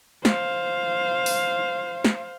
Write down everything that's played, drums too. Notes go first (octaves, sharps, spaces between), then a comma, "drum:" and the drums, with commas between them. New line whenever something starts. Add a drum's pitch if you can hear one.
C5 F5, drum: snare
drum: open hi-hat
drum: snare